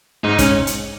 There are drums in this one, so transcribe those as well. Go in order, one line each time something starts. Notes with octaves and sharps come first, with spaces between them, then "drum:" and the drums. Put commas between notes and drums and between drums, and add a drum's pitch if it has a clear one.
G#2 D#4
C#4, drum: kick, hi-hat
drum: hi-hat